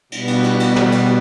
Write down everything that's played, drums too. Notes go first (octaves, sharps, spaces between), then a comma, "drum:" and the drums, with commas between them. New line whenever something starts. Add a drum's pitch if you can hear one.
B2 G3 B3, drum: cymbal
drum: cymbal
drum: cymbal
drum: cymbal
drum: snare
drum: cymbal